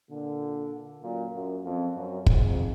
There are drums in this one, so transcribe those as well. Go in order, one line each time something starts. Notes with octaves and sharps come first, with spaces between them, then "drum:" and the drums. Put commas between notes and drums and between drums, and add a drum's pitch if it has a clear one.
A#2 D3
F#2 A#2
F#2
F2
F#2
F2 G#2, drum: kick